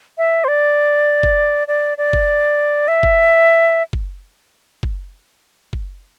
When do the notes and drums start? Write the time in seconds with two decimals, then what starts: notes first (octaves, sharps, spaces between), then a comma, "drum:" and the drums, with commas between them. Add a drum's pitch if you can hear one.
0.18 E5
0.44 C5
0.48 D5
1.23 drum: kick F#1
1.68 D5
1.98 D5
2.13 drum: kick F#1
2.88 E5
3.03 drum: kick F#1
3.93 drum: kick F#1
4.83 drum: kick F#1
5.73 drum: kick F#1